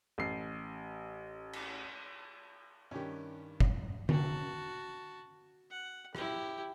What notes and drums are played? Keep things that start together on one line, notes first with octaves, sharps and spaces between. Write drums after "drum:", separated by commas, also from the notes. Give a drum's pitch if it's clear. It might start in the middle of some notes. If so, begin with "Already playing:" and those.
A1 C7
drum: cymbal
G2 D#3 C#4 G4
drum: kick
F#4 A5, drum: tom D3
F#5
E4 G4, drum: rim click